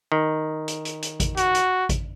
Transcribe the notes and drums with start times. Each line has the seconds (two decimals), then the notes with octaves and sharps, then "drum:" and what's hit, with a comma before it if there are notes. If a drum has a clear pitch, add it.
0.12 D#3
0.68 drum: hi-hat
0.85 drum: hi-hat
1.02 drum: hi-hat
1.20 drum: kick A1, hi-hat
1.37 F#4, drum: hi-hat
1.55 drum: hi-hat
1.89 drum: kick A1, hi-hat